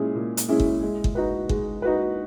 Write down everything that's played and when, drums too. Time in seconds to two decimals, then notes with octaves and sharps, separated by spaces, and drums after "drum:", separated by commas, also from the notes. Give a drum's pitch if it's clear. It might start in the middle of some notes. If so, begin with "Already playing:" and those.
Already playing: A#2 G#3 C#4 E4 G#4
0.15 A#2
0.37 drum: hi-hat
0.49 G#3 C#4 E4 G#4
0.60 drum: kick G1
0.82 G#3
1.04 drum: kick G1
1.15 D#4 F#4 B4
1.49 G#3, drum: kick G1
1.82 D#4 F#4 B4